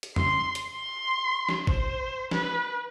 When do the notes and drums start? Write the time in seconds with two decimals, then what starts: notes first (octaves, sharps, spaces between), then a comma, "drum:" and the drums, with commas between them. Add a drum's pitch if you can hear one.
0.03 drum: hi-hat
0.16 C6, drum: tom
0.55 drum: hi-hat
0.74 C6
1.49 drum: snare
1.67 C5, drum: kick G#1
2.31 B4, drum: snare